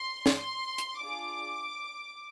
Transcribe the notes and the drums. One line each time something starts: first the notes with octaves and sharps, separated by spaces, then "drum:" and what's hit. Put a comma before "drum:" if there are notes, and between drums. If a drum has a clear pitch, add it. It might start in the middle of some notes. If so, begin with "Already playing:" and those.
Already playing: C6
drum: snare
C6
drum: hi-hat
D4 F4 G#4 D6